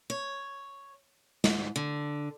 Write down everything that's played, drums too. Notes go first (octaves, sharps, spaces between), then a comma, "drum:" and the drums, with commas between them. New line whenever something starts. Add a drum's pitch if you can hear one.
C#5
G#2, drum: snare
D3